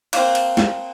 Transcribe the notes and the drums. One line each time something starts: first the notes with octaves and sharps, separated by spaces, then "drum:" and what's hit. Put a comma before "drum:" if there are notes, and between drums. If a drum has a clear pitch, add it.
A#3 C4, drum: cymbal
drum: cymbal
drum: snare